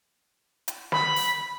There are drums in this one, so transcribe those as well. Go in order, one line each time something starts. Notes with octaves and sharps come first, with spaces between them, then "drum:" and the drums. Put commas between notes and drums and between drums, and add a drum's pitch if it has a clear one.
drum: hi-hat
B5, drum: snare
drum: open hi-hat